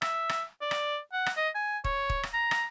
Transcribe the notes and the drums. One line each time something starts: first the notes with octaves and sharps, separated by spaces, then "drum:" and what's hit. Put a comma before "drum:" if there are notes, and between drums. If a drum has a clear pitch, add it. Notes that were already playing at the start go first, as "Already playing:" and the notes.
E5, drum: rim click
drum: rim click
D5
drum: rim click
F#5
drum: rim click
D#5
G#5
C#5, drum: kick
drum: kick
drum: rim click
A#5
drum: rim click